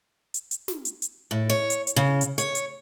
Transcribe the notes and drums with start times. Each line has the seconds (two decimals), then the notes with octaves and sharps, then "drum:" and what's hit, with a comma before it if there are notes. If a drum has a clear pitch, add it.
0.34 drum: hi-hat
0.51 drum: hi-hat
0.68 drum: snare
0.85 drum: hi-hat
1.02 drum: hi-hat
1.31 A2
1.50 C#5
1.70 drum: hi-hat
1.87 drum: hi-hat
1.96 C#3
2.21 drum: hi-hat
2.38 C#5, drum: hi-hat
2.55 drum: hi-hat